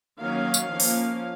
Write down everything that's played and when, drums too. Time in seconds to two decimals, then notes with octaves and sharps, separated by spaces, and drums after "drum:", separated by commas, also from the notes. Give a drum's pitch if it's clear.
0.21 D#3 F#3 A#3 C#4 F5
0.54 drum: tambourine
0.70 F3 A#3 C#4
0.80 drum: open hi-hat